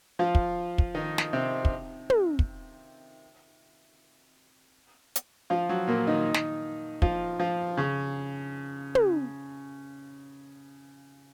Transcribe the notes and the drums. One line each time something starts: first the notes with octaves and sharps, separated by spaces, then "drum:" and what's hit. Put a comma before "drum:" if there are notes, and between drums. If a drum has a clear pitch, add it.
F3 F4
drum: kick
drum: kick
D#3 D#4
drum: snare
C3 C4
drum: kick
drum: tom
drum: kick
drum: hi-hat
F3 F4
F#3
A#2 A#3
D#3 D#4
drum: snare
F3 F4, drum: kick
F3 F4
C#3 C#4
drum: tom